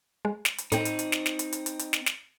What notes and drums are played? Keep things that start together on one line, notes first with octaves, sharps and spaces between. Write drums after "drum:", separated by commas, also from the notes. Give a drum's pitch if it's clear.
G#3
drum: snare
drum: hi-hat
A2 C4 D#4 G5, drum: hi-hat
drum: hi-hat
drum: hi-hat
drum: snare
drum: snare
drum: hi-hat
drum: hi-hat
drum: hi-hat
drum: hi-hat
drum: snare
drum: snare